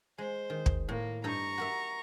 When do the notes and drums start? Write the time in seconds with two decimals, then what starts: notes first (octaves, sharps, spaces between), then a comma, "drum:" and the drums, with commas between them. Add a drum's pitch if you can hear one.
0.18 G#3 C5
0.50 D#3
0.66 drum: kick
0.89 A2 A#3
1.24 G2 D#4 A4 A#5 C#6
1.58 F#4 A#4 E5